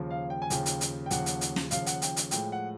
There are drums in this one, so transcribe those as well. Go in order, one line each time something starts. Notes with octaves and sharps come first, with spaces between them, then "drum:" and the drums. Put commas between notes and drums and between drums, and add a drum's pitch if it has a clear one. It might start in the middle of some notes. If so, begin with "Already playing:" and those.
Already playing: D#2 C#3 F3
F5
G5
G#5
D#2 C#3 F3 G5, drum: hi-hat
drum: hi-hat
drum: hi-hat
G5
D#2 C#3 F3 F#5, drum: hi-hat
drum: hi-hat
drum: hi-hat
drum: snare
D#2 C#3 F3 F5, drum: hi-hat
F#5, drum: hi-hat
G5, drum: hi-hat
drum: hi-hat
A2 F3 G#3 G5, drum: hi-hat
F#5